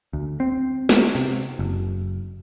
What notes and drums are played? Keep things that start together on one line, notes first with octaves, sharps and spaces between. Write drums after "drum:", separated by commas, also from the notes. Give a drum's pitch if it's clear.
D2
C4
drum: snare
C3
F#1